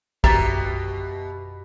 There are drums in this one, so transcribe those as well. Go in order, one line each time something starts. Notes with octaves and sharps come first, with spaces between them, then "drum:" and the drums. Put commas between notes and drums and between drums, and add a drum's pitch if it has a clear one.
F#2 B2 G4 E5 A6, drum: kick